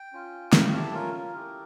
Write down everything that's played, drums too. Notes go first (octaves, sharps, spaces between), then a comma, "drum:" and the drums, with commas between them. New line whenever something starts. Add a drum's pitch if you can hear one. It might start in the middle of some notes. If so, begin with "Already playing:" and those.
Already playing: G5
C#4 F4
A3 E4 G4 F5, drum: snare
A5
C#4 F4 A#4
A#4
A3 E4 G4